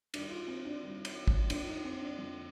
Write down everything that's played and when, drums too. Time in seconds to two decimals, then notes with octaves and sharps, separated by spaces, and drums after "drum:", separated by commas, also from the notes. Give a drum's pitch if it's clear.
0.14 G2 D#3 D4, drum: cymbal
0.30 F4
0.48 C4
0.65 D4
0.82 G2 D#3
1.05 drum: cymbal
1.28 drum: kick
1.50 F2 D3 D4, drum: cymbal
1.67 D#4
1.85 C4
2.01 D4
2.18 F2 D3